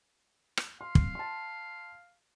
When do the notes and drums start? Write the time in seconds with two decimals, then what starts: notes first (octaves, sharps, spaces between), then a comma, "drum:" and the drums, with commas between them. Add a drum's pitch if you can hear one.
0.57 drum: rim click
0.81 F5 C6
0.95 drum: kick
1.15 A5 C6